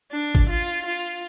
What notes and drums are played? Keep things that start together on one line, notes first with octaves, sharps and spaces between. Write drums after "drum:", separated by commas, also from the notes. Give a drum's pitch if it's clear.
D4
drum: kick
F4
F4